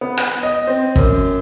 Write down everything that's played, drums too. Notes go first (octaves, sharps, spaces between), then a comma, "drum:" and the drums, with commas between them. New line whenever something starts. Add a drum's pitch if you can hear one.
B3
drum: rim click
D#5
C4
F#2, drum: kick